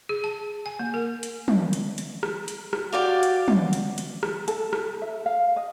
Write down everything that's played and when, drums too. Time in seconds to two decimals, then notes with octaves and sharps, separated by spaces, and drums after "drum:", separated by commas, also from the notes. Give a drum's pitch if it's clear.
0.09 G#4
0.24 A5
0.66 G#5
0.79 A#3
0.94 A#4
1.23 drum: hi-hat
1.48 drum: tom
1.73 drum: hi-hat
1.98 drum: hi-hat
2.23 drum: rim click
2.48 drum: hi-hat
2.73 drum: rim click
2.93 F#4 G4 D5 F5
3.23 drum: hi-hat
3.48 drum: tom
3.73 drum: hi-hat
3.98 drum: hi-hat
4.23 drum: rim click
4.48 A4, drum: hi-hat
4.73 drum: rim click
5.02 E5
5.26 F5
5.56 D#5